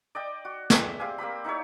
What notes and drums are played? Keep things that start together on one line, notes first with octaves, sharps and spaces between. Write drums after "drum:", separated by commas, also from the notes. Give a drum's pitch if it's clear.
D5 D#5 G5
F#4
G#4 E5 G5, drum: snare
C4 G4 F5 G#5
A#3 C4 G4 B5
D#4 E4 G4 C#5